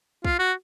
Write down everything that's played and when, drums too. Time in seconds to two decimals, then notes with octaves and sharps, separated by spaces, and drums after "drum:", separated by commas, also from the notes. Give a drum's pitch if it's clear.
0.24 F4, drum: kick
0.39 F#4